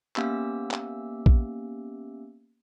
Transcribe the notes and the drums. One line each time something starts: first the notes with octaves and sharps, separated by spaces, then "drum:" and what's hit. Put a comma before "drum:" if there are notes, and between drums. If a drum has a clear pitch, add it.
A#3 B3 C#4 G4 E5 E6, drum: clap
drum: clap
drum: kick A#1